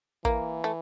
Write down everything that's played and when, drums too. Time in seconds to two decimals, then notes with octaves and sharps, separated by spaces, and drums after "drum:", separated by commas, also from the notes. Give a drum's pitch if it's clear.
0.25 E3 A#3, drum: kick
0.64 A3